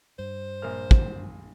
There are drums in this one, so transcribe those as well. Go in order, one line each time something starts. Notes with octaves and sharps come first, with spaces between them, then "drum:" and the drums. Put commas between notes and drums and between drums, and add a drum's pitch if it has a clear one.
G2 C5
A#1 A#3 F6
drum: kick